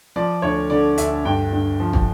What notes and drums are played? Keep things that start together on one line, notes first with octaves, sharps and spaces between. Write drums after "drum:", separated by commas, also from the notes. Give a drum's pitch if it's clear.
F3 D5
D2 C#5
D3 D5
D2 E5, drum: hi-hat
G2 G5
G2
F3
drum: kick